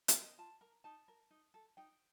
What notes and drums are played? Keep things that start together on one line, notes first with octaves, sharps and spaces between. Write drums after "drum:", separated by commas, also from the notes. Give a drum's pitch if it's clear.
C5, drum: hi-hat
G4 A#4
D#5
F4 A5
A#4 A#5
D#4 A5
A#4
D#4
A4
D#4 G5